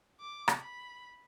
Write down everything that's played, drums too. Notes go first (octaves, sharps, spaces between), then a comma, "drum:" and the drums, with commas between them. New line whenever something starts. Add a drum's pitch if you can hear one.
D6
drum: rim click
B5